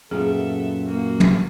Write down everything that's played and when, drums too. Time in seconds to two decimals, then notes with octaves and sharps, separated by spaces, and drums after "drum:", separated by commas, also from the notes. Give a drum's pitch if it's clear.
0.11 F#2 A#2 B3 G#4 A4 E5
0.87 A#3 F#4
1.20 drum: tom